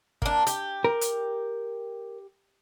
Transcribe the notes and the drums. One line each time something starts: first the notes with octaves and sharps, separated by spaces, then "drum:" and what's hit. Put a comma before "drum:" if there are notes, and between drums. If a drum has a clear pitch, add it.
A#3 D4, drum: kick
G4, drum: hi-hat
A#4
drum: hi-hat